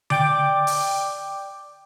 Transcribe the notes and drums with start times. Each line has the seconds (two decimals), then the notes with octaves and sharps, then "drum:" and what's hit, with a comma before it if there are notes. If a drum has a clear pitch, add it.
0.10 D5 G5 D6, drum: tom D3
0.67 drum: open hi-hat